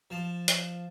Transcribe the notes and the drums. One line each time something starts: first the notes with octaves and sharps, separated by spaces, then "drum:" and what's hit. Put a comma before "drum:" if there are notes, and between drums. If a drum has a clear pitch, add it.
F3 A5
drum: hi-hat